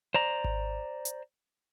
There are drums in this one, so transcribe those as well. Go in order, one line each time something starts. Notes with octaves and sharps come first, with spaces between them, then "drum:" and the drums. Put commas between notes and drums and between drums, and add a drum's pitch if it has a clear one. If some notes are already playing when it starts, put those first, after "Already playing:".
C5 D5 A#5
drum: kick G#1
drum: hi-hat